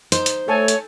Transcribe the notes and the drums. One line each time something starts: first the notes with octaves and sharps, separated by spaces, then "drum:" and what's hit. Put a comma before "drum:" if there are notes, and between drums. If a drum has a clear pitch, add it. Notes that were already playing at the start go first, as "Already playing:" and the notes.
D#4 C5, drum: hi-hat
drum: hi-hat
A3 A4 C#5 G#5 A5
drum: hi-hat